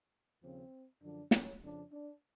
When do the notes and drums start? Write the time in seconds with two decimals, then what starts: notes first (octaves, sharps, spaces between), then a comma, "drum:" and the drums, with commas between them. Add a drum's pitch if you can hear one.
0.42 D#2 C#3 F3 C4
1.01 F#2 D3 F3 D4
1.31 C#4, drum: snare
1.61 F2 C#3 F3 D4
1.91 D4